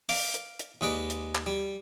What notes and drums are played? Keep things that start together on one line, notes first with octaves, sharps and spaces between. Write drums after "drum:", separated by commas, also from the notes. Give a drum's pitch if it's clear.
F5 D6, drum: open hi-hat
drum: hi-hat
drum: hi-hat
D#2 G#3 B4 D5
drum: hi-hat
drum: clap
G3